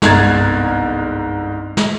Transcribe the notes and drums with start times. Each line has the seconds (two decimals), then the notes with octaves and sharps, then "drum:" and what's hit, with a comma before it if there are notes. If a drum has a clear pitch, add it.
0.02 G1 C2 G#2 A#5 G#6 A6, drum: snare
1.77 drum: snare